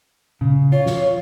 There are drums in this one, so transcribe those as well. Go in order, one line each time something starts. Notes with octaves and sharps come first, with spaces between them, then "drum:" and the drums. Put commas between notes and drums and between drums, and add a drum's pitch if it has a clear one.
C#3, drum: tom A#2
F4 C#5
drum: snare